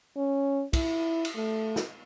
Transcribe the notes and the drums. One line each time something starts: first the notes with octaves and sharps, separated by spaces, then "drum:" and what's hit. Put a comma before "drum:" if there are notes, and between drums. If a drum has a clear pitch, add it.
C#4
E4, drum: kick, cymbal
drum: cymbal
A3
drum: snare